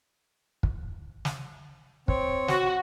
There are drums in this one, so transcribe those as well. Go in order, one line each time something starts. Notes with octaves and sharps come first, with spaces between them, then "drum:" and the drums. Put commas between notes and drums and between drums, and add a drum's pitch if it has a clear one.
drum: kick
drum: snare
C4 C#5, drum: kick
F#4, drum: snare